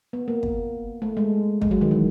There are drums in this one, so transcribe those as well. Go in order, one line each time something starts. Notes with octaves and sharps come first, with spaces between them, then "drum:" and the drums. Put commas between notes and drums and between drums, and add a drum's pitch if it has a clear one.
B3
A#3
drum: kick
A3
G#3
G#3, drum: kick
F#3
D#3
E3